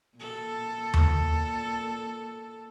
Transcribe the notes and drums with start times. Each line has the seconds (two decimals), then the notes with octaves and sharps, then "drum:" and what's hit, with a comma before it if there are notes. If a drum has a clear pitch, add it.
0.16 A#2 A4
0.94 drum: tom D#2